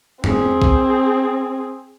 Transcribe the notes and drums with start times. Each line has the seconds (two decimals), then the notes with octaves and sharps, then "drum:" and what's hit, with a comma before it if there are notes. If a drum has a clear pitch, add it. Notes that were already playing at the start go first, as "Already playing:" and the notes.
0.24 C4 G#4, drum: tom F2
0.62 drum: kick A#1